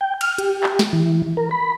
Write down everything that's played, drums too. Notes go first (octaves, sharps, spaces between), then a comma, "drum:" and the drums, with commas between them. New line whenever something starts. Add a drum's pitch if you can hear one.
G5
F6, drum: cymbal
G4, drum: hi-hat
drum: clap
drum: snare
E3
A#4
B5